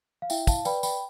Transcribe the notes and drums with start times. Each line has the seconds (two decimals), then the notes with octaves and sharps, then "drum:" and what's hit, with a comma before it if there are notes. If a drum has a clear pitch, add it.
0.22 F5
0.30 E4 E5 G5, drum: tambourine
0.47 F5 A5, drum: kick, tambourine
0.65 B4 D5 G5 B5, drum: tambourine
0.83 G5 B5, drum: tambourine